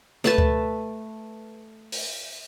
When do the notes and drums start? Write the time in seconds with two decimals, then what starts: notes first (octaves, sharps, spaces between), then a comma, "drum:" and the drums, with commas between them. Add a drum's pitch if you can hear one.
0.24 A3 B4 A5, drum: snare
0.38 drum: kick C#2
1.92 drum: open hi-hat